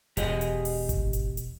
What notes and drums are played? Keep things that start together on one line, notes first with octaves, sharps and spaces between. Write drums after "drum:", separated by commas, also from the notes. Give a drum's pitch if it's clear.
E1 G4 G#4 D#5, drum: hi-hat
drum: hi-hat
drum: open hi-hat
drum: kick G#1, hi-hat
drum: hi-hat
drum: hi-hat